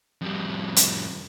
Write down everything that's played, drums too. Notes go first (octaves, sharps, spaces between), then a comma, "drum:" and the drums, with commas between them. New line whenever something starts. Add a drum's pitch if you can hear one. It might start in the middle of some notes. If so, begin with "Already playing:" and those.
F2 G3
drum: hi-hat